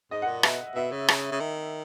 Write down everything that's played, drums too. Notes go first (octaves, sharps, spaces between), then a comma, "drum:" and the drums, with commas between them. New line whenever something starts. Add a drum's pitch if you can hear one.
G#2 D#5
F#5
A#2
B2 E5, drum: rim click
B2 E5
C#3
drum: rim click
C#3
D#3